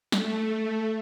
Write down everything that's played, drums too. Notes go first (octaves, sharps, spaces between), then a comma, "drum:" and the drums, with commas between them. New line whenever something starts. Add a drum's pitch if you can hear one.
A3, drum: snare